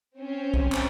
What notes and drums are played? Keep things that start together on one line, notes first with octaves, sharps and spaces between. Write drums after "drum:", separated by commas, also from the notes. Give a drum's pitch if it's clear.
C4 C#4 C5
drum: kick
drum: clap